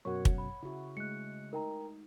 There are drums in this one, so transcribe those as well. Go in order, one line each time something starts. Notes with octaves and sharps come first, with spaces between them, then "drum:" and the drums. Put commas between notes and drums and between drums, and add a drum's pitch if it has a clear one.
F#2 B2 F#3 F#4 A#4 C#5 F#5 C#6
drum: kick
B5
C#3 E4 F#4
G#3 A3 F#6 C#7
D#4 A#4 G5 A#5